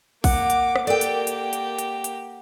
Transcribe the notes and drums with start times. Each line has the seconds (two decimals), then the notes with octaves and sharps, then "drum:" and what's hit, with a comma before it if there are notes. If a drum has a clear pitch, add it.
0.24 A#3 F#5 D6, drum: kick, open hi-hat
0.50 drum: hi-hat
0.76 drum: rim click
0.87 A#3 G4 A4 A#4 D5 G5
1.01 drum: hi-hat
1.27 drum: hi-hat
1.53 drum: hi-hat
1.79 drum: hi-hat
2.04 drum: hi-hat